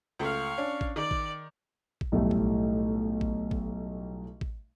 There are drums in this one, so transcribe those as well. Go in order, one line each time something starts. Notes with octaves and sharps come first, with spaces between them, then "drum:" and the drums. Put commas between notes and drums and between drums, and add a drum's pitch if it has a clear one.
C#2 A3 F5 C#6
C#4 D4
drum: kick
D#3 D5
drum: kick
drum: kick
B1 A2 G3 A3
drum: kick
drum: kick
drum: kick
drum: kick